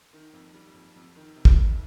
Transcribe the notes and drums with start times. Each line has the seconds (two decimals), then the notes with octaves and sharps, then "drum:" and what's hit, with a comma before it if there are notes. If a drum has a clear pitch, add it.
0.13 D#3
0.33 F2
0.54 G3
0.74 F2
0.96 F2
1.16 D#3
1.36 C3
1.45 drum: kick
1.57 F1